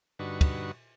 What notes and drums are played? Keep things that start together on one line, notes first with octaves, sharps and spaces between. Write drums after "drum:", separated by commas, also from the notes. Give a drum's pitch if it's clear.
G2 D3 D#4 F#4 B4 C#6
drum: kick, cymbal